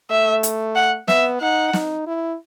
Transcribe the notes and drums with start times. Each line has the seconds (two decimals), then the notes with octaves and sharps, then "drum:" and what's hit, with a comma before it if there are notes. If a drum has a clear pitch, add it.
0.10 A3 E5
0.43 drum: hi-hat
0.75 F#5
1.08 B3 E5, drum: snare
1.41 D#4 F#5
1.73 D#4, drum: snare
2.07 E4